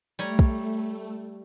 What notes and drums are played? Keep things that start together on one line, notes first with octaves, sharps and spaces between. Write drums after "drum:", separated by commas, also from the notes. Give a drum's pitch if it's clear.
G3 A3 C#5 A#5
drum: kick